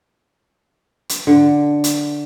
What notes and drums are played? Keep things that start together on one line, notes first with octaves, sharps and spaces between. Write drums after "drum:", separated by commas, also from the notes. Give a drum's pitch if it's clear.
drum: hi-hat
D3
drum: hi-hat